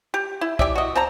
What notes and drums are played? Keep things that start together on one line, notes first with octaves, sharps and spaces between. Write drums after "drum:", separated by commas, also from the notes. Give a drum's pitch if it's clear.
G4
E4
G4 D5 E5, drum: kick
F#4 D#5
C4 A5 A#5